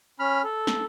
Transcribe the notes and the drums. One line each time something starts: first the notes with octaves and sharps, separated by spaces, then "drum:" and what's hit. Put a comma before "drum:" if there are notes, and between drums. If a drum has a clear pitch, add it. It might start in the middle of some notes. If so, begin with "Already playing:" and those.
C#4 B5 F6
A4
drum: snare